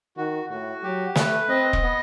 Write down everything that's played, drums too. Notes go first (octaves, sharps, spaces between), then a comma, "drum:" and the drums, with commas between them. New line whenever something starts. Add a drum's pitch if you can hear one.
D#3 F#4
A2 F#4
F#3 G4
A3 B4, drum: snare
C4 D#5
drum: kick E1
B3